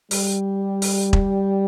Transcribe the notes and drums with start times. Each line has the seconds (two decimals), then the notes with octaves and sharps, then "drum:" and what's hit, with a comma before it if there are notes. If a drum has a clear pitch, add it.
0.11 G3, drum: open hi-hat
0.82 drum: open hi-hat
1.13 drum: kick E1